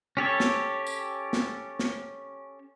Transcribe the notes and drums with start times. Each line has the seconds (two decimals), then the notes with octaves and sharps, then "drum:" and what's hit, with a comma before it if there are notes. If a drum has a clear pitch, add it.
0.17 C#4 G4 A4 C#5
0.40 drum: snare
0.87 drum: tambourine
1.33 drum: snare
1.79 drum: snare